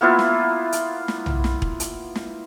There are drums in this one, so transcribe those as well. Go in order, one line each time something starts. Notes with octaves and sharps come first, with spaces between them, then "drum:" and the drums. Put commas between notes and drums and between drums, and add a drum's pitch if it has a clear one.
A#3 B3 E4 F4
drum: snare
drum: hi-hat
drum: snare
drum: tom B1
drum: snare
drum: kick E1
drum: hi-hat
drum: snare